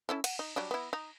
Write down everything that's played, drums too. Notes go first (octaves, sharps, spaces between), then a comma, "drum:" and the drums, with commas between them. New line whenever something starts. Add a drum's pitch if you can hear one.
C#4 E4 A4
F#5, drum: cymbal
D#4
F#3 G3 D4
B3 E4
D#4